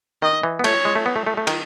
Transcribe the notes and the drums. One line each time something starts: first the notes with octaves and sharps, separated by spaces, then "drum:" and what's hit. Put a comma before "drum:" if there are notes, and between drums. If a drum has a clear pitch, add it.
D#3 D#5
E3
B3
A3 C#5, drum: cymbal
G#3
A3
B3
A3
A3
A3
D#3, drum: cymbal